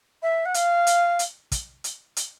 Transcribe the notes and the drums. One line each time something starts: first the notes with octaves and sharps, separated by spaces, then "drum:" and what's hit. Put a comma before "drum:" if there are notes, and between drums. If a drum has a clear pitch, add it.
E5
F#5
F5, drum: hi-hat
drum: hi-hat
drum: hi-hat
drum: kick, hi-hat
drum: hi-hat
drum: hi-hat